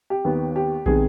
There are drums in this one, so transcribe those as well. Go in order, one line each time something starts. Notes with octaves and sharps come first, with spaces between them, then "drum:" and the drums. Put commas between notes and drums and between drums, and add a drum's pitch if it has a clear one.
G4
D#2 D#3 B3
G4
C3 D#3 G#3 B3 G#4, drum: kick